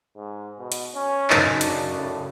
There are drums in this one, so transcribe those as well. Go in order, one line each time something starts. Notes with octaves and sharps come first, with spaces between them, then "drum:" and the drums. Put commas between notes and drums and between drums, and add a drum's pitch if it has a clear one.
G#2
B2
drum: hi-hat
C#4
F#2 C#3 D#4 A5, drum: clap
D4, drum: hi-hat
A2